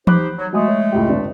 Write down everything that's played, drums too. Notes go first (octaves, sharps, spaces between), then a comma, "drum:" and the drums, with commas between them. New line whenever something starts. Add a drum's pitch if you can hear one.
D#4 G4 C5 B5 D6 F#6, drum: tom E3
F#3
F#3 G#3 A3 G#5 D#6
C#5
C#2 A2 G4
G1 D4